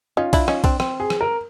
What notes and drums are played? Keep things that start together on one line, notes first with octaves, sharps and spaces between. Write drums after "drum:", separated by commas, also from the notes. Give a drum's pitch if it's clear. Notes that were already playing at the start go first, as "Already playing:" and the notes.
C#4 D#4 F4
D4 E4, drum: kick, cymbal
C#4 D#4, drum: rim click
C4 D4, drum: kick, cymbal
C4, drum: rim click
G#4
drum: rim click
A#4